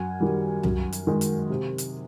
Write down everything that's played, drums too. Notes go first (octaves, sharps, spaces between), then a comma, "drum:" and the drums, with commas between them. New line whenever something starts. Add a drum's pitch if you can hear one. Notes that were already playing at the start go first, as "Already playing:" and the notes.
Already playing: F#2 F#5 G#5
D#3 G3
F#2, drum: tom C2
drum: hi-hat
D#3 G#3
drum: hi-hat
C3
drum: hi-hat